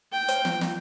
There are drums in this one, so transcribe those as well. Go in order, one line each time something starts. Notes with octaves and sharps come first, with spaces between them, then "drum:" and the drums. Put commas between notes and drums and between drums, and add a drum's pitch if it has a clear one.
G5
drum: hi-hat
drum: snare
drum: snare